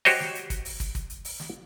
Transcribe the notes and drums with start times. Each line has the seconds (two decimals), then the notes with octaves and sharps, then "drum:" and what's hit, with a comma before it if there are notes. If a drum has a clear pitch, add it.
0.05 F#4 G4 C5 C#5 D#5, drum: open hi-hat
0.20 drum: snare
0.35 drum: hi-hat
0.50 drum: kick, hi-hat
0.65 drum: open hi-hat
0.80 drum: kick, hi-hat
0.95 drum: kick, hi-hat
1.10 drum: hi-hat
1.25 drum: open hi-hat
1.40 drum: snare